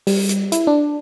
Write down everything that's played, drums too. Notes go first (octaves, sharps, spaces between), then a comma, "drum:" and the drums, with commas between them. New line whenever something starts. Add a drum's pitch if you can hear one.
G3, drum: open hi-hat
drum: hi-hat
E4, drum: hi-hat
D4